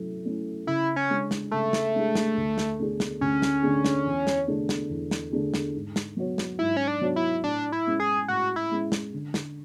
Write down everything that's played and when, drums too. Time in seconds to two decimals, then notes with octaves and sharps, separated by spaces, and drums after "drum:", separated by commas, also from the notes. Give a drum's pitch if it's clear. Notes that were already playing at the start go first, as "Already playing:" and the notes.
Already playing: F#3 A3 C#4 E4
0.25 A3 C#4 E4
0.67 C#3 E4
0.96 C#4
1.10 G#3 D4 G#4
1.31 drum: snare
1.51 C#3 A3
1.73 drum: snare
1.95 G#3 D4 G#4
2.15 drum: snare
2.36 D2
2.58 drum: snare
2.79 D3 A3 D4 G#4
3.00 drum: snare
3.21 D2 C#4
3.42 drum: snare
3.63 D3 A3 D4 G#4
3.85 drum: snare
4.05 E2
4.27 drum: snare
4.48 D3 A3 D4 G#4
4.69 drum: snare
4.90 E2
5.11 drum: snare
5.33 D3 A3 D4 G#4
5.54 drum: snare
5.75 G#2
5.96 drum: snare
6.17 F#3 B3 F#4 C#5
6.38 drum: snare
6.59 G#2 E4
6.77 C#4
6.88 D4
7.01 F#3 B3 F#4 C#5
7.16 E4
7.43 A2 D4
7.72 E4
7.87 G#3 C#4
8.00 G#4
8.28 A2 F#4
8.56 E4
8.71 G#3 C#4
8.92 drum: snare
9.13 D3
9.34 drum: snare